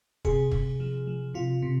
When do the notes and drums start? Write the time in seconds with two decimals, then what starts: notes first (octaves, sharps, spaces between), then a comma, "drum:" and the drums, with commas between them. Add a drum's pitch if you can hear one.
0.25 C3 G#4, drum: kick
0.51 C3, drum: kick
0.80 F3
1.07 F3
1.34 C3 F4
1.62 C3